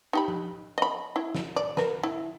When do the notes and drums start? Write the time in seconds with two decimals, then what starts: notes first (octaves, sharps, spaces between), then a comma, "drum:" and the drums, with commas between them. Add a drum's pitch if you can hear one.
0.13 D#4 G4 B5
0.28 drum: tom F3
0.78 D#5 B5
1.16 E4
1.35 drum: snare
1.56 D5
1.77 A#4 B4, drum: snare
2.03 E4